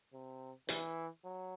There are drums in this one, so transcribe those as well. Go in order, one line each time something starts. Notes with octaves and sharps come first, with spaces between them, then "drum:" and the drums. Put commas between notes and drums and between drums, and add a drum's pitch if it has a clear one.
C3
E3, drum: hi-hat
F#3